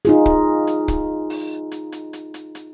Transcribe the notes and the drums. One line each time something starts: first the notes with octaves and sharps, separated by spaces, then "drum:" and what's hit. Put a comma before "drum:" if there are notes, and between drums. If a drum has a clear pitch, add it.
D#4 F4 G#4, drum: hi-hat
drum: kick
drum: hi-hat
drum: kick, hi-hat
drum: open hi-hat
drum: hi-hat
drum: hi-hat
drum: hi-hat
drum: hi-hat
drum: hi-hat